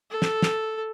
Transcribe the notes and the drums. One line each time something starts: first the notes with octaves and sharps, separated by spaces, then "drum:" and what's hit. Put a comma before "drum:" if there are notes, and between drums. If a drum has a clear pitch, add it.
A4
drum: snare
drum: snare